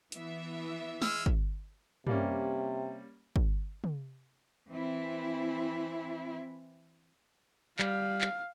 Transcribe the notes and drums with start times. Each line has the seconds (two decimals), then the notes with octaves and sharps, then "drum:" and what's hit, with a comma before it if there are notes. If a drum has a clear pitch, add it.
0.12 E3 B3 E5, drum: hi-hat
1.02 G#3 E6 F6, drum: snare
1.26 drum: kick
2.07 C3 G3 A#3 C#4, drum: tom
3.36 drum: kick
3.84 drum: tom
4.69 E3 C4 E4
7.79 G3 F5, drum: clap
8.21 drum: clap